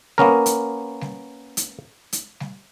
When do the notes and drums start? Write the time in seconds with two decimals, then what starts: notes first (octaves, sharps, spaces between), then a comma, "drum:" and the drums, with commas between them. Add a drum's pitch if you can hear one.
0.18 A#3 B3 C#4 A#4, drum: snare G3
0.46 drum: hi-hat
1.01 drum: snare G3
1.57 drum: hi-hat
2.13 drum: hi-hat
2.40 drum: snare G3